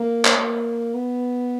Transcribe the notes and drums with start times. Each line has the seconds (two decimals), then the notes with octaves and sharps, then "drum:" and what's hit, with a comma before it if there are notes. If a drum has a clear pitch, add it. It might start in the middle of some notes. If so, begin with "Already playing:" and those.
Already playing: A#3
0.25 drum: clap
0.38 A#3
0.94 B3